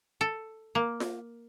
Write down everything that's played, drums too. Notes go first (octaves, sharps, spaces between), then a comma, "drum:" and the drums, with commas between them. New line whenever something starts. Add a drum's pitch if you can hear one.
A4
A#3
drum: snare F4